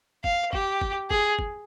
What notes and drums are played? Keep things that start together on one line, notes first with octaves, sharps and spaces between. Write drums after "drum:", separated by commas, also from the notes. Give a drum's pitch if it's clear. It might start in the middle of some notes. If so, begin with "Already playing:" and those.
F5, drum: kick
G4, drum: kick
drum: kick
G#4, drum: kick
drum: kick